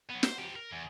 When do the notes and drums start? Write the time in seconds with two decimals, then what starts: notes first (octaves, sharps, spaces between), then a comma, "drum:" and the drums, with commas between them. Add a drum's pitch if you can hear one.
0.10 F#3 B3
0.23 C5, drum: snare
0.39 F3 G4
0.56 A#4
0.71 E2